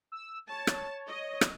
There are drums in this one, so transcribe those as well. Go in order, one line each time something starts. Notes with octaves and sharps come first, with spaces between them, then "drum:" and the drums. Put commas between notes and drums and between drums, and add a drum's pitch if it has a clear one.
E6
C#5 A5
drum: rim click
D#5
drum: rim click